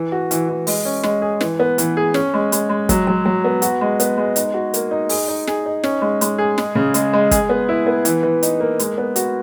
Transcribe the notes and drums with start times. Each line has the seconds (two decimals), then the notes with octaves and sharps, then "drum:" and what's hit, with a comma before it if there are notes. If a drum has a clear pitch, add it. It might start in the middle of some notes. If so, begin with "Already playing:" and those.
Already playing: E3
0.12 F#4
0.31 E3, drum: hi-hat
0.49 E3
0.67 G#3, drum: open hi-hat
0.85 C#4
1.03 G#3, drum: snare
1.22 G#4
1.41 E3, drum: snare
1.59 B3
1.78 E3, drum: hi-hat
1.97 G#4
2.14 C#4, drum: snare
2.34 G#3
2.52 G#3, drum: hi-hat
2.69 G#3
2.89 F#3, drum: kick, hi-hat
3.07 F#3
3.26 F#3
3.44 B3
3.62 F#4, drum: hi-hat
3.81 G#3
4.00 B3, drum: hi-hat
4.18 G#3
4.36 D#4, drum: hi-hat
4.54 F#4
4.74 A#3, drum: hi-hat
4.91 D#4
5.09 G#4, drum: open hi-hat
5.28 D#4
5.47 G#4, drum: snare
5.66 D#4
5.83 C#4, drum: snare
6.02 G#3
6.21 G#3, drum: hi-hat
6.38 G#4
6.58 G#3, drum: snare
6.75 C#3
6.94 G#3, drum: hi-hat
7.13 G#3
7.31 G#4, drum: kick, hi-hat
7.49 B3
7.69 E4
7.86 B3
8.05 E3, drum: hi-hat
8.23 E3
8.43 D#4, drum: hi-hat
8.60 A#3
8.79 G#3, drum: hi-hat
8.98 B3
9.16 F#4, drum: hi-hat